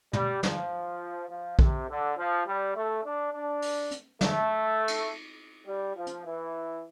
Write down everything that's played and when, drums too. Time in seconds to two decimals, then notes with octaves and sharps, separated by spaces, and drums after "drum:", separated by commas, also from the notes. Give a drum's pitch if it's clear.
0.13 G3, drum: tom
0.43 F3, drum: snare
1.30 F3
1.59 C3, drum: kick A#1
1.88 D3
2.17 F3
2.46 G3
2.75 A3
3.05 D4
3.33 D4
3.62 drum: open hi-hat
3.91 drum: hi-hat
4.21 A3, drum: snare
4.88 drum: cymbal
5.66 G3
5.96 F3
6.07 drum: hi-hat
6.24 E3